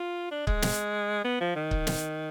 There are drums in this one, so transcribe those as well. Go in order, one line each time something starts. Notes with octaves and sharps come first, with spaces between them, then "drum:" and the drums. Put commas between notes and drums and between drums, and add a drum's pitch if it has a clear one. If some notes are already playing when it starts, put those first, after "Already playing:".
Already playing: F4
D4
G#3, drum: kick C#1
drum: snare
B3
F3
D#3
drum: kick C#1
drum: snare